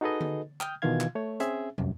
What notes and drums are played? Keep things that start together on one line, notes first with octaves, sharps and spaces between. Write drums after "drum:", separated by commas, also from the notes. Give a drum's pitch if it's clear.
D#4 F#4 G#4 A4 B4 D#5
drum: tom D3
G5 D#6 F6 G6, drum: clap
B2 D#3 E3 F4 F5 G#6
drum: clap
A3 C#5
C4 C#4 G#4 E5, drum: hi-hat
C2 F#2, drum: tom